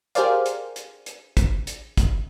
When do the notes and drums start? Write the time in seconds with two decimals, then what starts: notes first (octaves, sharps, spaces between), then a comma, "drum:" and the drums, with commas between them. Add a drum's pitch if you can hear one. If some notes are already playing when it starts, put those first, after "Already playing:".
0.15 G4 G#4 A#4 C5 D5 F5, drum: hi-hat
0.46 drum: hi-hat
0.76 drum: hi-hat
1.06 drum: hi-hat
1.37 drum: kick, hi-hat
1.67 drum: hi-hat
1.97 drum: kick, hi-hat